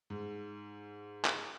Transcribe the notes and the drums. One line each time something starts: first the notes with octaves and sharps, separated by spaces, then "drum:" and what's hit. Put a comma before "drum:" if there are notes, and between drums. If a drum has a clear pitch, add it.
G#2
drum: clap